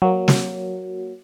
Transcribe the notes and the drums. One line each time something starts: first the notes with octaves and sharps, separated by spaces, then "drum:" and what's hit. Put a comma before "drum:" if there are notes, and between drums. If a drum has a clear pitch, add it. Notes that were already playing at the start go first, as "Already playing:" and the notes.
F#3 A#3
drum: snare